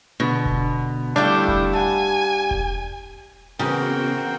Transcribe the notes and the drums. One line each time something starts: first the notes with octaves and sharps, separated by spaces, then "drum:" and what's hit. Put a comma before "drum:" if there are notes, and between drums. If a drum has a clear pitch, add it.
B2 D3 B3
drum: kick E1
G3 A3 D4 E4 F5 G5
drum: kick E1
F#5 G#5 A5
drum: kick E1
E2 C#3 C4 F#4 A#4 G5